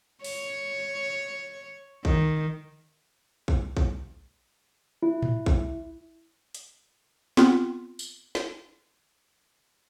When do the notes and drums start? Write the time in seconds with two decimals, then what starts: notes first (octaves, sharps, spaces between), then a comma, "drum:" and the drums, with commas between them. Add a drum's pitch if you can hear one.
0.24 C#5, drum: open hi-hat
2.05 D#3, drum: kick
3.48 drum: kick
3.77 drum: kick
5.03 E4
5.22 drum: tom A2
5.46 drum: kick
6.55 drum: hi-hat
7.37 B3 C4 F4, drum: snare
7.99 drum: tambourine
8.35 drum: snare